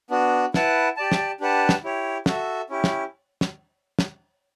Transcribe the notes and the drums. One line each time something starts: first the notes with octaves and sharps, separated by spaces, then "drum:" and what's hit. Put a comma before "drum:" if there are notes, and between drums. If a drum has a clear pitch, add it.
B3 D4 F#4
E4 B4 F#5 A5, drum: snare
G4 D5 A5
drum: snare
D4 G4 B4 F#5 A5
drum: snare
E4 G4 C#5
F#4 A4 E5, drum: snare
C#4 E4 G4
drum: snare
drum: snare
drum: snare